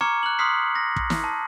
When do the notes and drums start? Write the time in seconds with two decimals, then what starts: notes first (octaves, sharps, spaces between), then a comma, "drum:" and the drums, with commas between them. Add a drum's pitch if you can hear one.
0.01 A#5 C#6 D6 F6 G#6 C#7
0.23 F#6 F#7
0.39 C6 D#6 F6 F#6 B6 C7
0.75 A#6
0.96 drum: kick
1.10 drum: snare
1.24 A5